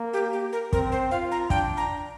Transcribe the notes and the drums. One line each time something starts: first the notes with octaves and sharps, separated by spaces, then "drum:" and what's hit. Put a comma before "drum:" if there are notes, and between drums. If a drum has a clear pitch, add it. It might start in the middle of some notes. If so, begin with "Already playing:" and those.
Already playing: A#3
G4
G4
A#4
C4 A#4, drum: kick
C5
F4 F5
A#5
D4 G5, drum: kick
A#5